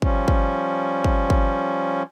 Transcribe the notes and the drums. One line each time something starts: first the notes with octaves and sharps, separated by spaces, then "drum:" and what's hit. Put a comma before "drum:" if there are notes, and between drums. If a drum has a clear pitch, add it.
F3 G3 C#4, drum: kick
drum: kick
drum: kick
drum: kick